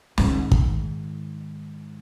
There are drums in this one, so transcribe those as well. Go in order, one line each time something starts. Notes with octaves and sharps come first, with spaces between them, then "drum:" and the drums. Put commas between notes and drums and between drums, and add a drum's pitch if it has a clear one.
G#2 D#3, drum: snare
drum: kick